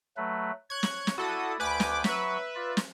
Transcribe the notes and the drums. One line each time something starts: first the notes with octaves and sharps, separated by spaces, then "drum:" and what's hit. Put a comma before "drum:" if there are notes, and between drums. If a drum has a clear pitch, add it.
F#3 A3 B4
C#5 F#6 G#6
drum: snare
drum: snare
E4 F#4 A4 D5 D#6
D2 B4 G#5 D6 G6
drum: snare
F#3 B4 E5 C#6, drum: snare
F4 D5
drum: snare